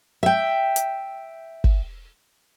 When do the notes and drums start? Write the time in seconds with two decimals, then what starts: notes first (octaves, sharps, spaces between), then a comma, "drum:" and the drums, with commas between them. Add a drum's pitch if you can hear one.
0.23 E5 G5
0.76 drum: hi-hat
1.64 drum: kick